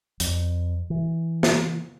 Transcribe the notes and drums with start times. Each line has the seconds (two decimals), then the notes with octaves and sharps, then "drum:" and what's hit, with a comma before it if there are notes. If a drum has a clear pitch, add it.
0.20 F2, drum: hi-hat
0.90 E3
1.43 drum: snare